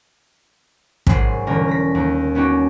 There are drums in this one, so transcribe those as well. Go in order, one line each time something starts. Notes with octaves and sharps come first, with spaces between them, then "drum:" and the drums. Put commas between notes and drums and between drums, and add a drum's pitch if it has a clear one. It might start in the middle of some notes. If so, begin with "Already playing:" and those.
G#1 C3 F#3 G#4 B5 C6, drum: kick
E1 D3 G3 C#4 A#4
A#6 B6
D#2
B3 C#4 D#4 F#4 G4